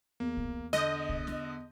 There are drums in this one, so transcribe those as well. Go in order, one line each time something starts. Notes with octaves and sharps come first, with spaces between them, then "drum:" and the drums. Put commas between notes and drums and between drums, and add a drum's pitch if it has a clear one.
E2 A#3
drum: kick
D3 D#5 G6, drum: snare
drum: kick
drum: snare